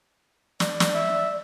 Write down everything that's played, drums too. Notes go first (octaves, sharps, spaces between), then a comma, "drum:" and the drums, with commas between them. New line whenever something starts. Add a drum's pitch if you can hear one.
D5, drum: snare
drum: snare
E5